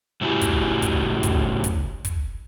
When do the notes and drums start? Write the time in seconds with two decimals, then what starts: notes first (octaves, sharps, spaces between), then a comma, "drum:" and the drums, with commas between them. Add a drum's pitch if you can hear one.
0.21 A2 C#3 F#3 E4 G4 G#4
0.41 drum: kick, hi-hat
0.82 drum: kick, hi-hat
1.23 drum: kick, hi-hat
1.64 drum: kick, hi-hat
2.05 drum: kick, hi-hat